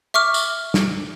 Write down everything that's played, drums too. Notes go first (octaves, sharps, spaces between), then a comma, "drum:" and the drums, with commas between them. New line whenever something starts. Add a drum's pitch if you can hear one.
E5 C#6 D6 F6
drum: tambourine
drum: snare